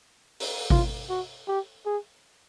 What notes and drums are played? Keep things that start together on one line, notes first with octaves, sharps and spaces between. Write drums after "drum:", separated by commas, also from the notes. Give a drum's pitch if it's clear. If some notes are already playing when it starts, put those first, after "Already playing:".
drum: open hi-hat
F4, drum: kick G#1
F#4
G4
G#4